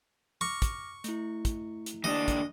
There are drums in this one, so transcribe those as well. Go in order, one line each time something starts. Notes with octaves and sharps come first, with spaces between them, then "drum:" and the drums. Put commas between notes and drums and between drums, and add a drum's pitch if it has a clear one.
C#6 D6 F6 A#6
drum: kick, hi-hat
A3 E4, drum: hi-hat
drum: kick, hi-hat
drum: hi-hat
D#2 D4 D#5
drum: kick, hi-hat